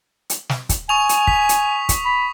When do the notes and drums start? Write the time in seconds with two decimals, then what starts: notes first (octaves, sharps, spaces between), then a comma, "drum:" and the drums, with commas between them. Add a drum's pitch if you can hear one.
0.30 drum: hi-hat
0.49 drum: snare
0.69 drum: kick, hi-hat
0.89 G#5 C#6 D#6 F7
1.09 drum: hi-hat
1.27 B6, drum: kick
1.49 drum: hi-hat
1.89 drum: kick, hi-hat
2.05 B5